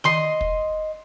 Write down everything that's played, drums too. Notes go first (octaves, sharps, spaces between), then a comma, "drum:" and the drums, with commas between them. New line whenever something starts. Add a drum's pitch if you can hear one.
D#5 C6, drum: tom D#3
drum: kick